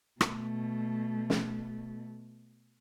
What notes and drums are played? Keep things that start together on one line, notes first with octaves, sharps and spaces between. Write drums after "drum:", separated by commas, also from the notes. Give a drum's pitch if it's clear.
B2 A3, drum: rim click
drum: snare